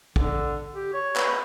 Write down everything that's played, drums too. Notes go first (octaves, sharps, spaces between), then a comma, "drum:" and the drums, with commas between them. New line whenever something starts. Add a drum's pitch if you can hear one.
D3, drum: kick
G4
C#5
B4, drum: clap